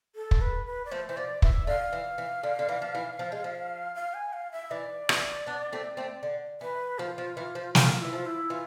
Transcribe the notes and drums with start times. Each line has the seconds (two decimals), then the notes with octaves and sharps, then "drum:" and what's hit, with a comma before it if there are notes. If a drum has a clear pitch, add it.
0.16 A4
0.31 drum: kick
0.41 B4
0.66 B4
0.85 D5
0.91 F3 A3 C5
1.09 E3 C5
1.17 F3 D5
1.42 E3 E5, drum: kick
1.67 D3 F5
1.93 E3
2.18 E3
2.43 D3
2.59 D3
2.69 E3
2.82 F3
2.95 E3
3.19 F3
3.32 G#3
3.44 F3
3.95 F5
4.14 G#5
4.33 F5
4.52 E5
4.71 E3 D5
5.09 E3, drum: rim click
5.46 B3 D4
5.72 A3 C4
5.97 A3 C4
6.23 D3
6.61 E3 B4
6.99 F3 F4
7.18 F3
7.37 E3
7.55 F3
7.75 F4, drum: snare
8.00 E3 E4
8.13 F3 F4
8.25 E4
8.50 E3 F4